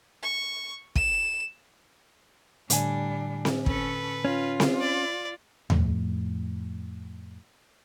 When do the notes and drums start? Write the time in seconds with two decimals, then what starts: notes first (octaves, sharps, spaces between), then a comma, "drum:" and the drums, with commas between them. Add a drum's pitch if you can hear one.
0.23 C#6
0.95 E7, drum: kick
2.70 A2 D3 G3 D4 G#5, drum: hi-hat
3.45 drum: snare C4
3.66 C#4 A4 B4, drum: kick
4.25 C#4 F4
4.60 drum: snare C4
4.80 D5
5.70 F2 A2, drum: tom D#2